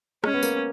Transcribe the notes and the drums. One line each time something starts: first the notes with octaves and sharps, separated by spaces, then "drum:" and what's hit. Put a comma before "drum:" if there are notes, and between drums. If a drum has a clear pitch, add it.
G#3 C#4, drum: rim click
B3
A#3, drum: tambourine